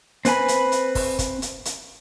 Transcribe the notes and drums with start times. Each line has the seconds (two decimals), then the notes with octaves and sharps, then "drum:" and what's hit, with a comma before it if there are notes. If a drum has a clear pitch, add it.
0.25 C4 B4 G#5 B5, drum: hi-hat
0.48 drum: hi-hat
0.72 drum: hi-hat
0.95 drum: kick, open hi-hat
1.19 drum: kick, hi-hat
1.42 drum: hi-hat
1.65 drum: hi-hat